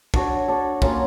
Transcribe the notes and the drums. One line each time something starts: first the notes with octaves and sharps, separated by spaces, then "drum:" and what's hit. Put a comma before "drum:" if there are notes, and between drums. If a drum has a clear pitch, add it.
D4 F#4 A4 C#5, drum: kick
D4 F#4 A4 C#5
F#3 A#3 C#4 F4, drum: kick